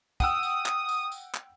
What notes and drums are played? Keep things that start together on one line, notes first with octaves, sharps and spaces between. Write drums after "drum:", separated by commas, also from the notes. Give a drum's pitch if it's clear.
F#5 G5 D#6 E6, drum: kick, tambourine
drum: tambourine
drum: clap
drum: tambourine
drum: tambourine
drum: clap